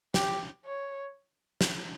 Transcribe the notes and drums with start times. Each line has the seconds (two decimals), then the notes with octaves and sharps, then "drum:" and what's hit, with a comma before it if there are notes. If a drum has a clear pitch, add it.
0.14 G4, drum: snare
0.65 C#5
1.61 drum: snare